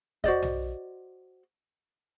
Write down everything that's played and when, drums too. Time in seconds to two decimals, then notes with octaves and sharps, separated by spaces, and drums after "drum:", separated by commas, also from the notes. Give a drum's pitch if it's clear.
0.24 F#4 C5 D5 D#5, drum: kick E2
0.42 drum: tom B1